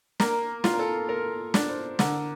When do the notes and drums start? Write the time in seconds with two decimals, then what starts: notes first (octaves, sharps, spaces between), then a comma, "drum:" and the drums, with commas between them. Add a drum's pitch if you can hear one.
0.20 A#3 A#4, drum: snare
0.64 F4, drum: snare
0.74 A#4
0.79 A4
1.09 A4 A#4
1.54 D4, drum: snare
1.69 C5
1.99 D3 A#4, drum: snare